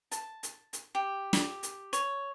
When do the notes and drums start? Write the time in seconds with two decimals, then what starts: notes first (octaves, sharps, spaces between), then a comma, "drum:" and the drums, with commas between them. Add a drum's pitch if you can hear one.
0.12 A5, drum: hi-hat
0.43 drum: hi-hat
0.73 drum: hi-hat
0.95 G4
1.33 drum: snare
1.63 drum: hi-hat
1.93 C#5, drum: hi-hat